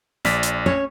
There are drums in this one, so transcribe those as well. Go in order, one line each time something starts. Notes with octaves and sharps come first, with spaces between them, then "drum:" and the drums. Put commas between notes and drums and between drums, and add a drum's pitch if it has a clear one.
A#1 D5 B6, drum: snare
drum: hi-hat
C#4 C#5